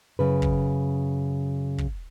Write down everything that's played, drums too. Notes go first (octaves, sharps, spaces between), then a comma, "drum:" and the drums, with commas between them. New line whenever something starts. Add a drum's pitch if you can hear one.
F#2 C#3 B4
drum: kick
drum: kick